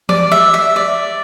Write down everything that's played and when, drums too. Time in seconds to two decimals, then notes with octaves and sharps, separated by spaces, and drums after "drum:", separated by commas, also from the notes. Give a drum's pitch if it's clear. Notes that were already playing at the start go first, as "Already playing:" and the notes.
0.09 D5, drum: tom E3
0.31 E5
0.54 E5
0.76 D5